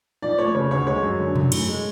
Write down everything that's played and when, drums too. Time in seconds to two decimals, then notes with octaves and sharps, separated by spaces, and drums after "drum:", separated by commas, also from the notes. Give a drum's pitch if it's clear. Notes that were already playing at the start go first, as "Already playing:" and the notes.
0.22 F3 D5
0.38 A3 C#5
0.55 C#3 C#5
0.71 D2 C#5
0.87 G#3 C#5
1.03 F#2
1.19 D3
1.36 F#2, drum: tom B2
1.52 A2, drum: cymbal
1.68 G#3